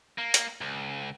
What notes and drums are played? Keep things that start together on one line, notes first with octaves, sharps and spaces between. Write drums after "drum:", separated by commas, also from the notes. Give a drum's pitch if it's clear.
A#3
drum: hi-hat
C#2